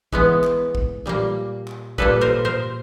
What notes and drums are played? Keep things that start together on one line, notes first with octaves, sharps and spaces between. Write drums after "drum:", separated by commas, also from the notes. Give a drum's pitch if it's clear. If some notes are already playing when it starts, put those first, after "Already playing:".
E3 G#3 B3, drum: kick
drum: clap
drum: kick
A#2 G3 A#3
drum: clap
A#2 G3 A#3 A4 B4, drum: kick
A#4 C5
A#4 C5